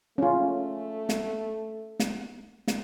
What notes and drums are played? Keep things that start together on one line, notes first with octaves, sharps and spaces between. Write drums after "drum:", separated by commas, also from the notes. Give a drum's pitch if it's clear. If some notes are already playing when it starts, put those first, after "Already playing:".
A3 C#4 F4
drum: snare
drum: snare
drum: snare